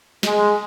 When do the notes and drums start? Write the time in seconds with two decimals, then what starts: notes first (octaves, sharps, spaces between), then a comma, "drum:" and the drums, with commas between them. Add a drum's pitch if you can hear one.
0.23 G#3, drum: snare